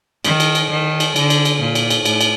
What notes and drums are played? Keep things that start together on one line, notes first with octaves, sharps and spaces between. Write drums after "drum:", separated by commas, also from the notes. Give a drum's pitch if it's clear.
D#3, drum: cymbal
drum: cymbal
drum: cymbal
D#3
drum: cymbal
D3, drum: cymbal
drum: cymbal
drum: cymbal
A#2
drum: cymbal
drum: cymbal
A2, drum: cymbal
drum: cymbal